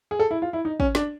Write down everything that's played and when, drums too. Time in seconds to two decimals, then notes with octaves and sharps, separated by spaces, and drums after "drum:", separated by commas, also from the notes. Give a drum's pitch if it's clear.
0.11 G#4
0.20 A4
0.31 E4
0.42 F4
0.53 E4
0.65 D#4
0.80 C#4, drum: kick
0.95 D4, drum: snare